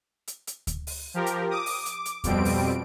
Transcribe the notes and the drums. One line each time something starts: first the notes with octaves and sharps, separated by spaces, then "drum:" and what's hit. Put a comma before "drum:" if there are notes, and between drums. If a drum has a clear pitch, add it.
drum: hi-hat
drum: hi-hat
drum: kick D2, hi-hat
drum: open hi-hat
F3 G4 A#4
drum: hi-hat
D6 D#6
drum: open hi-hat
D6, drum: hi-hat
drum: hi-hat
F2 B2 G3 C4 D7, drum: kick D2, hi-hat
drum: open hi-hat